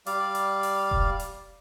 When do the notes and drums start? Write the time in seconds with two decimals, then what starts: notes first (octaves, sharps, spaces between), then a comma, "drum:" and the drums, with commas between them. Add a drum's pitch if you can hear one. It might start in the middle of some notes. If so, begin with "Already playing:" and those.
0.06 G3 D5 F5, drum: hi-hat
0.35 drum: hi-hat
0.63 drum: open hi-hat
0.91 drum: kick E1
1.20 drum: hi-hat